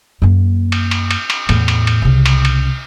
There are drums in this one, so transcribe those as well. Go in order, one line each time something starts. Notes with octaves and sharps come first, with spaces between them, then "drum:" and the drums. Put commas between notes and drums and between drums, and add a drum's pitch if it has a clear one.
F#2 A#3
drum: cymbal
drum: cymbal
drum: cymbal
drum: cymbal
E2 A2, drum: cymbal
drum: cymbal
drum: cymbal
C2 C#3
drum: cymbal
drum: cymbal